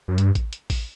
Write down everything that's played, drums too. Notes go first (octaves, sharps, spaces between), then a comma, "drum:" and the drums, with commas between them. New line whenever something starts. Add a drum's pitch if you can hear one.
F#2
G2, drum: hi-hat
drum: kick A1, hi-hat
drum: hi-hat
drum: kick A1, open hi-hat